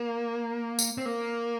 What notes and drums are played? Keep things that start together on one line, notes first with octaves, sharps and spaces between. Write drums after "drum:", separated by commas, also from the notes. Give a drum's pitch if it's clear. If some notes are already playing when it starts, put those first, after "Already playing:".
Already playing: A#3
drum: tambourine
C4
A#3